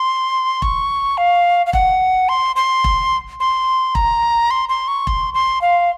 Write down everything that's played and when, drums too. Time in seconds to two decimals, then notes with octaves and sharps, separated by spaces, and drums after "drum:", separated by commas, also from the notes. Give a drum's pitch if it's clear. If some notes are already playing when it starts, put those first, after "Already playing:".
Already playing: C6
0.62 C#6, drum: kick E1
1.18 F5
1.66 F5
1.73 F#5, drum: kick E1
2.29 C6
2.56 C6
2.84 drum: kick E1
3.40 C6
3.95 A#5, drum: kick E1
4.51 C6
4.69 C6
4.88 C#6
5.07 C6, drum: kick E1
5.34 C6
5.62 F5